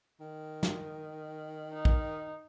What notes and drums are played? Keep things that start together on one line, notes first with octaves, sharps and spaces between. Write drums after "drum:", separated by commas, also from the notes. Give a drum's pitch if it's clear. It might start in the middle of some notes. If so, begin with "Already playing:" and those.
D#3
drum: snare
D#4
drum: kick